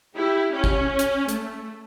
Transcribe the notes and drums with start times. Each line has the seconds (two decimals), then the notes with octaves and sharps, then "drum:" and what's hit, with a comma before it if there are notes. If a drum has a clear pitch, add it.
0.15 E4 G4
0.53 C#4
0.64 drum: kick
0.99 drum: hi-hat
1.29 A3, drum: hi-hat